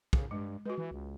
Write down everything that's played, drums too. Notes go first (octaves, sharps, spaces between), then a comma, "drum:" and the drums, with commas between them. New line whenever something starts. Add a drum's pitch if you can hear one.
C#3, drum: kick
G2 G#3
G#3 F#4 B4
E3
C#2